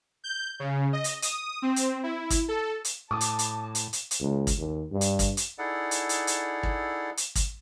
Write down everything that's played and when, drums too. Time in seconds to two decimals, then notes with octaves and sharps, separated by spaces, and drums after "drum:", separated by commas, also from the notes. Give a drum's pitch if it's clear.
0.24 G6
0.60 C#3
0.93 D#5
1.04 drum: hi-hat
1.22 D#6, drum: hi-hat
1.62 C4
1.76 drum: hi-hat
2.03 E4
2.30 drum: kick, hi-hat
2.48 A4
2.85 drum: hi-hat
3.11 A2 A5 D6 D#6
3.21 drum: hi-hat
3.39 drum: hi-hat
3.75 drum: hi-hat
3.93 drum: hi-hat
4.11 drum: hi-hat
4.21 C#2
4.47 drum: kick, hi-hat
4.59 D#2
4.92 G2
5.01 drum: hi-hat
5.19 drum: kick, hi-hat
5.37 drum: hi-hat
5.58 D#4 E4 G#4 A4 D5 F#5
5.91 drum: hi-hat
6.09 drum: hi-hat
6.27 drum: hi-hat
6.63 drum: kick
7.17 drum: hi-hat
7.35 drum: kick, hi-hat